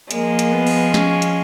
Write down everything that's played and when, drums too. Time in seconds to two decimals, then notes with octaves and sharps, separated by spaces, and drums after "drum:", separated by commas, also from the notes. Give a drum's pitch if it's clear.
0.11 F3 G#3 A#3, drum: hi-hat
0.39 drum: hi-hat
0.52 B3
0.67 drum: open hi-hat
0.94 C#4, drum: snare
1.22 drum: hi-hat